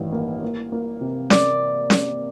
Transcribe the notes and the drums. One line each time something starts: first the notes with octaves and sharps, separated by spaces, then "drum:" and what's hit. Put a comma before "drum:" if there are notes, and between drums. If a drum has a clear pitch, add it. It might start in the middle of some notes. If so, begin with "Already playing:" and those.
Already playing: A1 G2 D#3
A#3
A#3
A#3
C3
D5, drum: snare C#4
drum: snare C#4